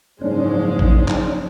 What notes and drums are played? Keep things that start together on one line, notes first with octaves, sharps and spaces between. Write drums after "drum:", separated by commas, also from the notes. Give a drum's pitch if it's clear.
F#1 G#2 F3 G#3 C#4 D4 C5
drum: kick A1
drum: clap